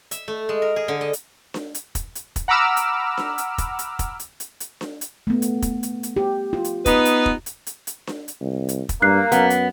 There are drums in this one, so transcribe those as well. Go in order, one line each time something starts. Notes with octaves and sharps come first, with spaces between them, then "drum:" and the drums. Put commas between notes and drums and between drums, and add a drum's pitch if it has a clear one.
E5, drum: hi-hat
A3
G#3
A#4
G#4
D3
D#5
drum: hi-hat
drum: snare D4
drum: hi-hat
drum: kick, hi-hat
drum: hi-hat
drum: kick, hi-hat
F#5 A#5 B5 D6 E6 F6
drum: hi-hat
drum: snare D4
drum: hi-hat
drum: kick, hi-hat
drum: hi-hat
drum: kick, hi-hat
drum: hi-hat
drum: hi-hat
drum: hi-hat
drum: snare D4
drum: hi-hat
A3 B3
drum: hi-hat
drum: kick, hi-hat
drum: hi-hat
drum: hi-hat
G4
F4
drum: hi-hat
B3 D#4 B4, drum: kick, hi-hat
drum: hi-hat
drum: kick
drum: hi-hat
drum: hi-hat
drum: hi-hat
drum: snare D4
drum: hi-hat
C2
drum: hi-hat
drum: kick, hi-hat
G2 A#3 F#6 C7
F#2 B3, drum: hi-hat
drum: hi-hat